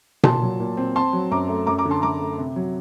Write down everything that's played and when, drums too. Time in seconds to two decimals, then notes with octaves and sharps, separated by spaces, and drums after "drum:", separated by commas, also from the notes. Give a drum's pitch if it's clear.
0.23 A#2 A5 C6, drum: tom B2
0.42 F#3
0.60 A#2
0.77 C4
0.96 C4 A5 C6
1.13 F#3
1.31 F#2 A#5 D6
1.49 A3
1.66 F#2 A#5 D6
1.78 A#5 D6
1.85 D3
1.91 A5 C6
2.02 F#2 A#5 D6
2.20 A3
2.38 C3
2.56 F#3